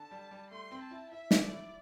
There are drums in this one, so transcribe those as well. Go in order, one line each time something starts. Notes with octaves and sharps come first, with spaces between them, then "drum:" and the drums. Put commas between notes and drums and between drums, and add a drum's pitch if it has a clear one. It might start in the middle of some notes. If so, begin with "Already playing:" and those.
Already playing: D3 A5
G3
G3
A3 C6
C4
A5
E4
E4 E5
A3, drum: snare
D5
E4